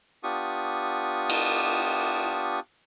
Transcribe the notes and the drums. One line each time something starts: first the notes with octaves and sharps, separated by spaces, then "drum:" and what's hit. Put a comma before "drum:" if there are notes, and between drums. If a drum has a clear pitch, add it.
B3 D4 F4 G4 C#6 D#6
drum: cymbal